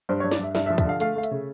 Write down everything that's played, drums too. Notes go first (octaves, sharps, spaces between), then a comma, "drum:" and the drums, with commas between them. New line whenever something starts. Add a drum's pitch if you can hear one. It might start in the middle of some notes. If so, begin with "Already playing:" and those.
G2 C5
G2 C#5
D5, drum: snare
G2 E5
G2 E5, drum: snare
E5
F3
E5, drum: kick, hi-hat
D3 F5
A3 F5, drum: hi-hat
A3 F5
E5, drum: hi-hat
C#3